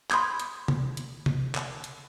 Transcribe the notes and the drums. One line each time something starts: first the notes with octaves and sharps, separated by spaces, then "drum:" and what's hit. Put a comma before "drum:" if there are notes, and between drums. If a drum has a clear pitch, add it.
B5 C6 D#6 G6 G#6, drum: clap
drum: hi-hat
drum: tom C3
drum: hi-hat
drum: tom C3
drum: clap
drum: hi-hat